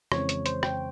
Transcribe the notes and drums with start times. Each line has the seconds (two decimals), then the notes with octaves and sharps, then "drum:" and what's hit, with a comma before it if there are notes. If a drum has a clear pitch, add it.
0.12 F2 C#3 E3 G#3 C4 C#5, drum: rim click
0.29 C#5, drum: hi-hat
0.46 C5, drum: hi-hat
0.63 G5, drum: rim click